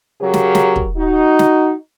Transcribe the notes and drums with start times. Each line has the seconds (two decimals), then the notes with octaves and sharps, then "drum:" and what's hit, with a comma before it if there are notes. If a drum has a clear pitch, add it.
0.21 C#3 F#3 G4 A#4
0.34 drum: snare
0.55 drum: snare
0.76 drum: kick
0.97 D#4 F#4
1.39 drum: snare